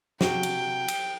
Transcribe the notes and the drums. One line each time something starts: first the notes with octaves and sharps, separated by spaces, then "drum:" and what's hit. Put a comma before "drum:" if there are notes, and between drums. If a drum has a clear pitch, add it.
C3 F#4 G5, drum: snare
drum: cymbal
drum: cymbal